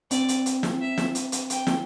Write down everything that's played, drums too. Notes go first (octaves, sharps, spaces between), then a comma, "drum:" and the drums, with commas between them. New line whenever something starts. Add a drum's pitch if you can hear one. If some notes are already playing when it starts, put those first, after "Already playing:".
C4 D5, drum: hi-hat
drum: hi-hat
drum: hi-hat
drum: snare
E5
drum: snare
drum: hi-hat
drum: hi-hat
G5, drum: hi-hat
drum: snare